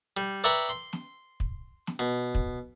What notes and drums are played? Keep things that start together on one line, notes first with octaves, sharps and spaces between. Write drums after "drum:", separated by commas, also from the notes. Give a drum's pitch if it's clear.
G3
B4 D5 E5 G5 A#5 C#6
C6
drum: snare
drum: kick
drum: snare
B2
drum: kick